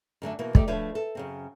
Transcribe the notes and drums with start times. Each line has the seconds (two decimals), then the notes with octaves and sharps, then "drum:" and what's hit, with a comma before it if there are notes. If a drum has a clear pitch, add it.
0.22 F#2 D3 A3 D4
0.39 B2 E3 A#3
0.55 A3 D#4 G4 D5, drum: kick
0.68 F3 A3 D4 B4 C#5
0.95 A4
1.15 F#2 C#3 C4